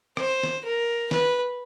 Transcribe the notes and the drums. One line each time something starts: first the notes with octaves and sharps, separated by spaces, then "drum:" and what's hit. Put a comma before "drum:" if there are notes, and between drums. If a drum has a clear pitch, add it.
C5, drum: rim click
drum: snare
A#4
B4, drum: snare